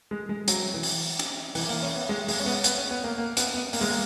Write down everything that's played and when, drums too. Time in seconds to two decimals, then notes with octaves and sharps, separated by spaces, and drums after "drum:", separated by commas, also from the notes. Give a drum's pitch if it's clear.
0.11 G#3
0.29 G#3
0.48 F#3, drum: hi-hat
0.74 E3
0.83 drum: open hi-hat
1.19 drum: hi-hat
1.55 E3, drum: open hi-hat
1.69 A#3
1.83 C#4
1.96 B3
2.09 G#3
2.28 G#3, drum: open hi-hat
2.39 C#4
2.46 B3
2.64 B3, drum: hi-hat
2.77 C#4
2.91 B3
3.04 A#3
3.18 A#3
3.37 B3, drum: hi-hat
3.54 B3
3.73 A#3, drum: open hi-hat
3.81 G#3
3.91 A#3